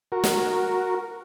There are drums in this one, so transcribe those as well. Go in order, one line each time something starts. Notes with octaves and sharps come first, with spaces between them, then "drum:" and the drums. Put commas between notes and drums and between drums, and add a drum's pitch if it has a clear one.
F#4 A#4
drum: snare